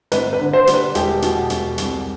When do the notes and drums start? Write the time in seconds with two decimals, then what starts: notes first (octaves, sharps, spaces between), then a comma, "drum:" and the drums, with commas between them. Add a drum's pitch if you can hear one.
0.12 G#1 B4, drum: hi-hat
0.33 B4
0.40 D3
0.53 C5
0.67 G3, drum: hi-hat
0.74 B4
0.95 E1 G4, drum: hi-hat
1.22 B2, drum: hi-hat
1.50 E1, drum: hi-hat
1.78 C2, drum: hi-hat